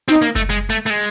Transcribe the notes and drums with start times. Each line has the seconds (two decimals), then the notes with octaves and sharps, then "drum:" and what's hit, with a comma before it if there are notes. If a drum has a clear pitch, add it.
0.08 C4 D#4, drum: snare
0.22 A#3
0.36 A3, drum: kick F#1
0.50 G#3
0.70 A3
0.86 A3
0.90 G#3